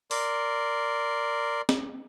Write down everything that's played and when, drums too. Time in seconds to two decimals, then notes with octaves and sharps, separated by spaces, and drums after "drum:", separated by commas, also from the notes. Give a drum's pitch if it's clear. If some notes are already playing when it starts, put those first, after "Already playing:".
0.11 A#4 D5 C6, drum: open hi-hat
1.69 drum: snare